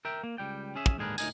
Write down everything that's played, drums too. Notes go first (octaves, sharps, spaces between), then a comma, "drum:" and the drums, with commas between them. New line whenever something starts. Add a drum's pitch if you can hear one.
A#4 E5 G5
A#3
C#2 G3 G5
C#4 G#4 E5
drum: kick
D#2 G#2 D3 G#4 A#4 B4
D2 A2 D#4 A#4 D#5 G#5, drum: tambourine